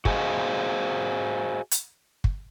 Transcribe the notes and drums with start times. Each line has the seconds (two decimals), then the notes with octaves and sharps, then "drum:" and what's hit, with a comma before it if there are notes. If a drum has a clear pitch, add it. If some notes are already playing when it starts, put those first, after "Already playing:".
0.05 F#4 G#4 C5 D#5 F5, drum: kick
1.71 drum: hi-hat
2.24 drum: kick